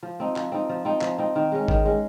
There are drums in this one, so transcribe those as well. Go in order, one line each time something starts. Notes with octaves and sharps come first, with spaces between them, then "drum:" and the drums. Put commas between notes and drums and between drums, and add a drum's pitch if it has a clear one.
F3
C4 D#4
F3, drum: clap
C4 D#4
F3
C4 D#4
F3, drum: clap
C4 D#4
D#3
G#3 C#4
D#3, drum: kick G#1
G#3 C#4